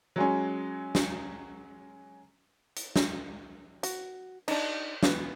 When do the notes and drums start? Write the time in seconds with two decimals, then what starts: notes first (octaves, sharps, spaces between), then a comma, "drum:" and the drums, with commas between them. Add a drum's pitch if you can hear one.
0.16 F#3 G#3 C#4
0.95 drum: snare
2.76 drum: hi-hat
2.96 drum: snare
3.83 F#4, drum: hi-hat
4.48 D4 D#4, drum: cymbal
5.03 E3 B3 F4, drum: snare